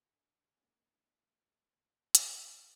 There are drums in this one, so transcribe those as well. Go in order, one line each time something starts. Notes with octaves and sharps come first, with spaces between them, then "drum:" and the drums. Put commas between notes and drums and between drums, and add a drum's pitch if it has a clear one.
D3 G#5
G#3 A#3 C#4 D4 E4
D#6, drum: hi-hat